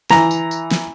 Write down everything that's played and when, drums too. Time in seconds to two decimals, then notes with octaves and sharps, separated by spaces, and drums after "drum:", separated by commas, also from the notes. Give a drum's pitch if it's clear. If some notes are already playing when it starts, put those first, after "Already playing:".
0.10 E3 A#5, drum: snare
0.31 drum: tambourine
0.51 drum: tambourine
0.71 drum: snare